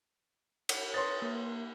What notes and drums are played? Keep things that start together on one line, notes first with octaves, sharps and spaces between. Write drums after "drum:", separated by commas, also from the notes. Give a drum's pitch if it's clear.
drum: cymbal
B4 C#5 C6 D#6 A6 A#6
A#3